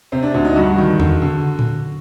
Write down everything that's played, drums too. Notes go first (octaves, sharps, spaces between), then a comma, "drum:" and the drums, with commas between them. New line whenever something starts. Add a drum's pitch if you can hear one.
C3 C4
D4
D2 D4
D#4
G2 F#4
D#3
D3, drum: tom E2
D3
drum: tom A#2